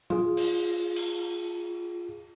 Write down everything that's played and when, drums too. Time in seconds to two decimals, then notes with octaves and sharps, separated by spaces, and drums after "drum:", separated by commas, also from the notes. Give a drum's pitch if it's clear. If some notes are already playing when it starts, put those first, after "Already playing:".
0.10 F4 G#4, drum: tom F#3
0.37 drum: open hi-hat
0.96 drum: cymbal